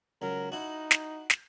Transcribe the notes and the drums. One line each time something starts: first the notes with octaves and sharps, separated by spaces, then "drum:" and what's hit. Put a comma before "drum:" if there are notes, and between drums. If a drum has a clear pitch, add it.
C#2 F#3 A#4
D#4 E4 F#4
drum: snare
drum: snare